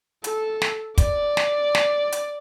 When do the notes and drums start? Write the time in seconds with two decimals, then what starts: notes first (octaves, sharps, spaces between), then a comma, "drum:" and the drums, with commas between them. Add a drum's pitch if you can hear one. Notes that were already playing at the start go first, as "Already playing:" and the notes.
0.24 A4, drum: hi-hat
0.62 drum: snare
0.98 D5, drum: kick, hi-hat
1.37 drum: snare
1.75 drum: snare
2.12 drum: hi-hat